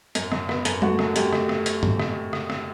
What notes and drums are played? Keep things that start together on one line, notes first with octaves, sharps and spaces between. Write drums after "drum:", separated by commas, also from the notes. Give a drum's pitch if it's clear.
F#2, drum: hi-hat
F#2, drum: rim click
B3, drum: rim click
F#2, drum: hi-hat
A3 F#4, drum: tom G3
F#2, drum: rim click
F#2 G4, drum: hi-hat
A3, drum: rim click
drum: rim click
drum: hi-hat
drum: tom G2
drum: rim click
drum: rim click
drum: rim click